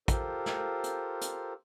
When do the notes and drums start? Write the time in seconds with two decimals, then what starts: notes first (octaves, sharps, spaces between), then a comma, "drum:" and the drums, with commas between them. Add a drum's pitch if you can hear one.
0.08 F4 G4 A4 A#4 C5, drum: kick, hi-hat
0.46 drum: snare
0.84 drum: hi-hat
1.21 drum: hi-hat